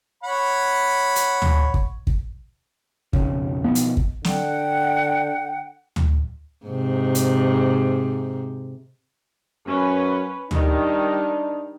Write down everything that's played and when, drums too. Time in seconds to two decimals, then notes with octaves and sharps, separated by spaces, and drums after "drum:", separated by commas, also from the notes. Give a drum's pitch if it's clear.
0.24 C#5 F#5 B5
1.16 drum: hi-hat
1.42 drum: tom D2
1.74 drum: kick
2.07 drum: kick
3.13 B1 F2 C#3, drum: kick
3.64 B2 D#3 F3 B3
3.75 drum: hi-hat
3.97 drum: kick
4.24 D3 F#5 G5, drum: snare
5.96 drum: tom D2
6.66 G#2 C3
7.15 drum: hi-hat
9.67 F#2 C#4 B4
10.51 D#3 G3 D4 D#4, drum: tom D2